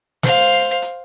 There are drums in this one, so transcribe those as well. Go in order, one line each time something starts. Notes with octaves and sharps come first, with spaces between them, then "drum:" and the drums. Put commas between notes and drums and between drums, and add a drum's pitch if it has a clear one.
C5 F5, drum: snare
drum: hi-hat